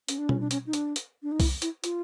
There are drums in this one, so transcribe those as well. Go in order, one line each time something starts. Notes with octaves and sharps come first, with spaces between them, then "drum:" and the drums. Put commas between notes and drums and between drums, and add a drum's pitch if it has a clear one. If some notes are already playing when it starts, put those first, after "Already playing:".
C#4, drum: hi-hat
D4
C#4, drum: tom
D4
C#4, drum: hi-hat
D#4
D4, drum: hi-hat
drum: hi-hat
D4
D#4
E4, drum: kick C2, open hi-hat
E4, drum: hi-hat
F4, drum: hi-hat